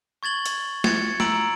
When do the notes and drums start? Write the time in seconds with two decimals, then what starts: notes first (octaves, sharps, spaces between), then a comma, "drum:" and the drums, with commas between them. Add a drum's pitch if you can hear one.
0.23 C#6 G#6 A6 F#7 G7
0.46 drum: hi-hat
0.84 G#6 A6 C#7, drum: snare
1.20 A#5 E6 D7 F#7, drum: snare